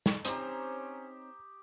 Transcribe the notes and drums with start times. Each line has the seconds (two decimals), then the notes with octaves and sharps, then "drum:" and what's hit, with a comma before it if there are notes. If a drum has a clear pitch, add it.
0.06 drum: snare
0.25 C4 C#4 D#4 G4 C5 C#5 A#5 D#6, drum: hi-hat